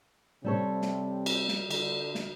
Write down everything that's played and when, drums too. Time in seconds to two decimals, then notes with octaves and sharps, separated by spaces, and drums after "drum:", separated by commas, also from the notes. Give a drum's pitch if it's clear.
0.44 C3 G3 C4 A4 C#5
0.82 drum: snare
1.26 drum: cymbal
1.48 drum: snare
1.71 D3, drum: cymbal
2.15 drum: snare